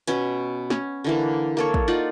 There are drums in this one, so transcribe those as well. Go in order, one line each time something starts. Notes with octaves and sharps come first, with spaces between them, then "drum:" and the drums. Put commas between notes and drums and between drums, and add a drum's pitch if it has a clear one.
B2 B3 C#4, drum: hi-hat
C#4, drum: snare
D3 E3 A#3
A#3 A4 C#5
drum: kick
D#4 F4 D5 F#5